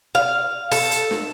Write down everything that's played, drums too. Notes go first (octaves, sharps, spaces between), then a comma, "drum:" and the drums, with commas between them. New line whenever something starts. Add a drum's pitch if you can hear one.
F5
A4, drum: open hi-hat
drum: hi-hat
drum: snare